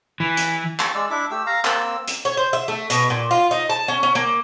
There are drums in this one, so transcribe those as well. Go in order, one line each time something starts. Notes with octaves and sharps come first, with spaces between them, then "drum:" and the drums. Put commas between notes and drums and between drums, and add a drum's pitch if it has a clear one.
E3
drum: hi-hat
drum: clap
G#3 D5 E6
D4 E4 E5 D6
A3 G4 E6
F5 A#5
A#3 C4 E6, drum: clap
drum: hi-hat
C#5
C5
E5
A3
B2, drum: hi-hat
A#2
F4
D#4
A5
C#4
C#4
A#3